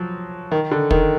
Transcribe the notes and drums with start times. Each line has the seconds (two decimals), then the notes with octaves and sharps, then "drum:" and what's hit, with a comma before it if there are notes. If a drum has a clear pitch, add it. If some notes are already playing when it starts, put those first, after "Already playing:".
Already playing: F3 F#3
0.52 D#3
0.71 D3
0.91 D#3, drum: kick